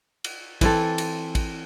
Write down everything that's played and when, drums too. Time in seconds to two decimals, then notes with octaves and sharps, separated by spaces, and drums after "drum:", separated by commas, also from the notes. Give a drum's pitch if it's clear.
0.24 drum: cymbal
0.61 E3 C4 A4, drum: kick A1, cymbal
0.98 drum: cymbal
1.35 drum: kick A1, cymbal